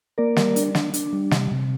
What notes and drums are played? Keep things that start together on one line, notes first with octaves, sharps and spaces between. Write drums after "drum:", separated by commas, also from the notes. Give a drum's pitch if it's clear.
A#3 A#4 D5
G3, drum: snare
D4, drum: hi-hat
D4, drum: snare
D4, drum: hi-hat
G3
C3, drum: snare
C3